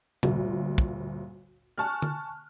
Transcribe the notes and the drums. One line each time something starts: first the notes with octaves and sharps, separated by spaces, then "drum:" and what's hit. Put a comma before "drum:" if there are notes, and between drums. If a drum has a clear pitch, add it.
G1 D2 A#2, drum: tom C3
drum: kick
G#5 A5 C#6 F6 F#6
drum: tom D3